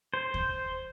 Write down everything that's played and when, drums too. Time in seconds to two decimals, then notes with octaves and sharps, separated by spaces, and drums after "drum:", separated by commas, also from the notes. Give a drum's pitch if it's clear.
0.14 C5
0.34 drum: kick D#2